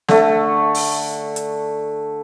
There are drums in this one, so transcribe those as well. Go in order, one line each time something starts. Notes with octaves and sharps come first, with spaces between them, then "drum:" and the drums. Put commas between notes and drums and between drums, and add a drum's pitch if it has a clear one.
D3 A3, drum: snare
drum: open hi-hat
drum: hi-hat